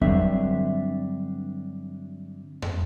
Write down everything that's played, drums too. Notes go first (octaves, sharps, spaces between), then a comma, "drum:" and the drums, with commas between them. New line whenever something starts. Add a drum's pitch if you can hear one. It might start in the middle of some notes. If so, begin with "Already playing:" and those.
G2 D3 F#3 C4 D4 E5, drum: kick E2
drum: tom